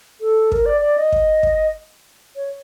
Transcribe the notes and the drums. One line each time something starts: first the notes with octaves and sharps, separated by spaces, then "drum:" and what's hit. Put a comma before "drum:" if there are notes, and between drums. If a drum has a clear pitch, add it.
A4
A#4, drum: kick
D5
D5
D#5
drum: kick
drum: kick
C#5